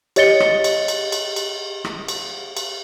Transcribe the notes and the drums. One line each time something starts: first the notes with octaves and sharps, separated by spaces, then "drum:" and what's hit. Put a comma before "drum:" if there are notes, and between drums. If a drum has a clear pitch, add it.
G4 C#5 D#5 A6 C#7 G7, drum: cymbal
drum: rim click
drum: cymbal
drum: cymbal
drum: cymbal
drum: cymbal
drum: rim click
drum: cymbal
drum: cymbal